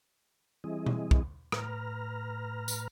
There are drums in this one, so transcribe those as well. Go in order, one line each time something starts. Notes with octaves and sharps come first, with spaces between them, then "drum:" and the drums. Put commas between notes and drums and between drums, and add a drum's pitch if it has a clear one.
E3 G3 C4 E4 G#4 D#5
drum: tom B2
drum: kick
A2 B4 A#5 F6, drum: rim click
drum: tambourine